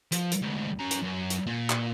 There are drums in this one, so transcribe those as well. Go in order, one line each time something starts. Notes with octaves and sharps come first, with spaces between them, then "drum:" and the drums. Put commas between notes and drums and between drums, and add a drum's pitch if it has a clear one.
F3, drum: hi-hat
drum: hi-hat
D2 G#2
C#4 A#5
drum: hi-hat
F#2
drum: hi-hat
A#2
drum: clap